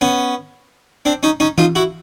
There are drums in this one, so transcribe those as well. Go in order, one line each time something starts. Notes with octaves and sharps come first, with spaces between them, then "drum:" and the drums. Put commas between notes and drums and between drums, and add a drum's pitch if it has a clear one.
B3 C#4
C4 D4
C#4 D#4
C#4 D#4
D#4 F4, drum: tom E3
E4 F#4